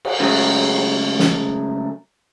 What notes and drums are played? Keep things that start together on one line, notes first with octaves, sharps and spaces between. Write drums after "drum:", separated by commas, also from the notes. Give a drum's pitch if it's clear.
drum: cymbal
C#3 F#3 G#3 A3
drum: snare